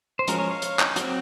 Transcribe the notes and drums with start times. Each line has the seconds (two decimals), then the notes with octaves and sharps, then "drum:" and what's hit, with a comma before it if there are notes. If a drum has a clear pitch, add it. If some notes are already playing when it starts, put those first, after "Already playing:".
0.19 C5
0.27 F3 G#3 C#4 F#4 A#4, drum: hi-hat
0.38 A#4 C#5
0.50 C#5 F5
0.62 drum: hi-hat
0.79 drum: clap
0.96 F#3 C4 F#4, drum: hi-hat